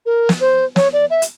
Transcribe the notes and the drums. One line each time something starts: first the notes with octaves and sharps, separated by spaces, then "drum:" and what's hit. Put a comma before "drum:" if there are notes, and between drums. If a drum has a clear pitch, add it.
A#4
drum: snare
C5
C#5, drum: snare
D5
E5
drum: hi-hat